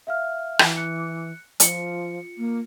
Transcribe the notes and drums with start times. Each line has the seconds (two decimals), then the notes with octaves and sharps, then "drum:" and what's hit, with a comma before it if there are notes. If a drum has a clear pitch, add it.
0.07 E5 F5 F6
0.59 E3, drum: rim click
0.76 F#6 C#7
1.60 F3 F4 C#7, drum: hi-hat
2.37 A#3